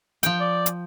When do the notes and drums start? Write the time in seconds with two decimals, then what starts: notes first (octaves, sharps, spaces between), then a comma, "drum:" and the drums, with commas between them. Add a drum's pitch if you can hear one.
0.23 F3 G5, drum: hi-hat
0.40 D5
0.66 drum: hi-hat